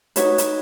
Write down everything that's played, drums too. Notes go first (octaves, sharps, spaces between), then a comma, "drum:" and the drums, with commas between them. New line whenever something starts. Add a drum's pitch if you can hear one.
D#4 F#4 B4 C#5, drum: hi-hat
drum: hi-hat